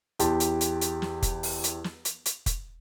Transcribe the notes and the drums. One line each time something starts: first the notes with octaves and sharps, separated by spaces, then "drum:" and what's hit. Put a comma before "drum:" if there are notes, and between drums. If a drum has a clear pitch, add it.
E2 G4 A5 C6, drum: hi-hat
drum: hi-hat
drum: hi-hat
drum: hi-hat
drum: snare
drum: kick F1, hi-hat
drum: open hi-hat
drum: hi-hat
drum: snare
drum: hi-hat
drum: hi-hat
drum: kick F1, hi-hat